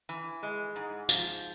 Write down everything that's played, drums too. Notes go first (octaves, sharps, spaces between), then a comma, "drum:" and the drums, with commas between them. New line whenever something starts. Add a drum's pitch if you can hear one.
E3
G#3
G#2
F3, drum: tambourine